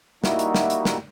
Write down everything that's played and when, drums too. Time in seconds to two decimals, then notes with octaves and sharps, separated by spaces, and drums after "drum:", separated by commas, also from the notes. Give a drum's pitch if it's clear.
0.24 G3 A#3 D#4 E4 F#4, drum: snare
0.39 drum: hi-hat
0.55 drum: snare
0.70 drum: hi-hat
0.85 drum: snare